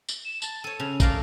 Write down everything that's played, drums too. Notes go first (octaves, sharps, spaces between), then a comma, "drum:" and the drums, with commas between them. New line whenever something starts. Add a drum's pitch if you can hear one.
drum: tambourine
E7
A5, drum: tambourine
A4 C#5 D#7
C#3 F7
A3 A#4 D5 F5, drum: kick, tambourine